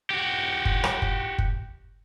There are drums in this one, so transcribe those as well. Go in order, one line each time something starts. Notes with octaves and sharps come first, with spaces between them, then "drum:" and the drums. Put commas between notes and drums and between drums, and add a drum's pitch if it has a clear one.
F#4 G4
drum: kick
drum: rim click
drum: kick
drum: kick